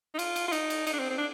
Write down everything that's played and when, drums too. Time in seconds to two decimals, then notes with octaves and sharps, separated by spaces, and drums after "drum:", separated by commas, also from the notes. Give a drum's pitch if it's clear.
0.14 D#4
0.19 F4, drum: cymbal
0.36 drum: cymbal
0.48 F4
0.52 D#4, drum: cymbal
0.70 drum: cymbal
0.87 D#4, drum: cymbal
0.93 D4
0.99 C4
1.11 C4
1.18 D4